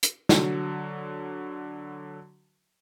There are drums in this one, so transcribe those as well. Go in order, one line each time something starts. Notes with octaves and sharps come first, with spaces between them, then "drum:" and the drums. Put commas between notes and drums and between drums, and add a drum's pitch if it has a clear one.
drum: hi-hat
D3 F#3 F#4, drum: snare